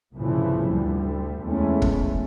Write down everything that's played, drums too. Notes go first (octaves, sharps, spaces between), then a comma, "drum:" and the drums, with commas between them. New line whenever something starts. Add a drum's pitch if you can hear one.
C2 G2 A#2 C#3 E3 F3
D2 D3 G3
E2 G#3 A3 C#4
drum: kick